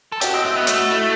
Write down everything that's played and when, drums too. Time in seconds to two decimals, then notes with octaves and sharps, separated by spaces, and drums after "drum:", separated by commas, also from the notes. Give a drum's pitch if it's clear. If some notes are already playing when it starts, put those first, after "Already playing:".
0.12 A4
0.21 F#4 G4, drum: hi-hat
0.34 C4 D#5
0.45 C4 E5
0.56 B3 D#5
0.67 A3 F#4, drum: hi-hat
0.79 F#4
0.90 E4